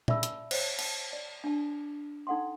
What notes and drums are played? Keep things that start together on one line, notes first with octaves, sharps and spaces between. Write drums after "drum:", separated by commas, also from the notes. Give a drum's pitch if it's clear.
D5 E5 A5 B5 E6, drum: tom A#2
drum: hi-hat
C5 C#5, drum: cymbal
A5, drum: cymbal
D5
D4 A5
D#4 A4 F#5 G5 C6